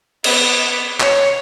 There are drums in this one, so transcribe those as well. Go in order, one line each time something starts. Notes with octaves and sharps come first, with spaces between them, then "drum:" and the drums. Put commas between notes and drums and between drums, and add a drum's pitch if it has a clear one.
B3, drum: cymbal
C#5, drum: clap